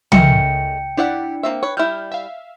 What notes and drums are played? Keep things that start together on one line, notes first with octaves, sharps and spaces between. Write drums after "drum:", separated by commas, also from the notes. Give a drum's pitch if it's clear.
C#2 C#3 G#3 A3 A#4 G5 C#7, drum: tom
D4 E4 G4 D5 F#5
A#3 C4 E5
B4 C#5
G3 E4 F6 G6
E5 F5